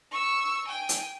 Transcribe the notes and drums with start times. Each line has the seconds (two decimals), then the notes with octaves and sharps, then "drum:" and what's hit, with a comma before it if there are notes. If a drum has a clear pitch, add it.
0.11 C#6 E6
0.68 G5 G#5
0.89 drum: hi-hat